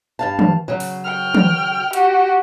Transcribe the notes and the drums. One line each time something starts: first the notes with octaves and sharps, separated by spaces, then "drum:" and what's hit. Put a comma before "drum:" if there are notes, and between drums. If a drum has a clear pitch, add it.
G2 F5 A5
drum: tom
C#3 F#3
drum: open hi-hat
G5 F6
drum: tom
F#4 G4, drum: hi-hat